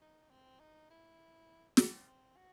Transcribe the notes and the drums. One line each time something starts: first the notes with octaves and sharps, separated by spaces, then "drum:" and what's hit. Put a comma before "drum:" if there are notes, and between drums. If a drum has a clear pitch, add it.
D#4
C4
D#4
E4
C4, drum: snare
C4
F#4